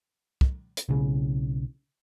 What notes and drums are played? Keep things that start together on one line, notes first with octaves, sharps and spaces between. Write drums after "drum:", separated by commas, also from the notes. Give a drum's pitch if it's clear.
drum: kick
drum: hi-hat
B1 C#3